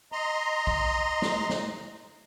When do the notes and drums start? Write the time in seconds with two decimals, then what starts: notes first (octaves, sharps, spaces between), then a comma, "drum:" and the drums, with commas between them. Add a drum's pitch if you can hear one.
0.12 D#5 A#5 C6
0.67 drum: kick B1
1.22 drum: snare
1.49 drum: snare